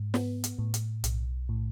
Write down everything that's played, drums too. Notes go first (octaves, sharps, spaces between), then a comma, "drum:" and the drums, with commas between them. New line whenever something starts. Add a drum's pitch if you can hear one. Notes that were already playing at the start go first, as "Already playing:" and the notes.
Already playing: G#2
B3, drum: snare
drum: hi-hat
A2
drum: hi-hat
B1, drum: hi-hat
A2